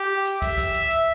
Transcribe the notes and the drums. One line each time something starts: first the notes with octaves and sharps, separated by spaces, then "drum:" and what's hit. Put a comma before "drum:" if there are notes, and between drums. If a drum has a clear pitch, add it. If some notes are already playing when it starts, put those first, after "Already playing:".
Already playing: G4
drum: hi-hat
E5, drum: kick, hi-hat
drum: kick, hi-hat
drum: hi-hat
drum: hi-hat